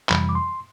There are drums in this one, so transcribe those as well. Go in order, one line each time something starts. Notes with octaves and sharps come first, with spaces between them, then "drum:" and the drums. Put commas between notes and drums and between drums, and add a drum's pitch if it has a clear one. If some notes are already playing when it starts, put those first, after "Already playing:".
F2 C3 E3 G3 B5, drum: clap
D6
C6